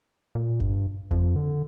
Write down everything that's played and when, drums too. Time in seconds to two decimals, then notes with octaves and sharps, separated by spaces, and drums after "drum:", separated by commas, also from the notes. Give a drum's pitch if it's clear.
0.35 A#2
0.60 G2, drum: kick F#1
1.11 F2, drum: kick F#1
1.36 D3